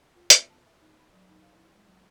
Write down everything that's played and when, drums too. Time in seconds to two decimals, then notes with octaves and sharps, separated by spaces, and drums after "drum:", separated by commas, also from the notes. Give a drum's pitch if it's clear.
0.16 F4
0.30 B3, drum: hi-hat
0.50 A5
0.65 E5
0.82 D#4
0.99 B5
1.13 F#3
1.29 D#4
1.43 F5
1.55 E4
1.74 G#3
1.87 F#3